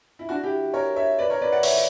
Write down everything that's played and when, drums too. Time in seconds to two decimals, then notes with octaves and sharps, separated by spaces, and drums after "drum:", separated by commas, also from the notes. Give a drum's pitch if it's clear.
0.19 E4
0.29 D4 F#4
0.44 E4 G4
0.74 A#4 C#5
0.96 C#5 E5
1.19 B4 D5
1.30 A#4 C#5
1.42 B4 D5
1.52 D5 F#5
1.63 C#5 E5, drum: open hi-hat